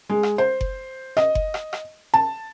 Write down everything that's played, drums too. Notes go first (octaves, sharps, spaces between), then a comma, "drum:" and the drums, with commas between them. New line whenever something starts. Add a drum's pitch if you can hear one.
G#3
drum: rim click
C5
drum: kick F#1
D#5, drum: rim click
drum: kick F#1
drum: rim click
drum: rim click
A5